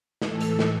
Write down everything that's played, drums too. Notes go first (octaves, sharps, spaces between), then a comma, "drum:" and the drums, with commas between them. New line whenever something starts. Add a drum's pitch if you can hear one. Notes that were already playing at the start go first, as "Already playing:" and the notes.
A2 E3 A4, drum: snare
drum: hi-hat
drum: snare